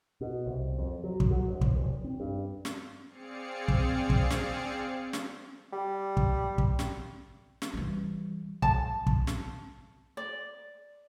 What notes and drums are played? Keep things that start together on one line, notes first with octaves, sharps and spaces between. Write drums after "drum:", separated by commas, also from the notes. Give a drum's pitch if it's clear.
B2
C2
F2
F#3
drum: kick
F#3
E1
drum: kick
F1
C4
G2
drum: snare
C4 G#4 D5 F5 C#7
drum: kick
drum: kick
drum: snare
drum: snare
G3
drum: kick
drum: kick
drum: snare
drum: snare
E3 G3
A5, drum: kick
drum: kick
drum: snare
D5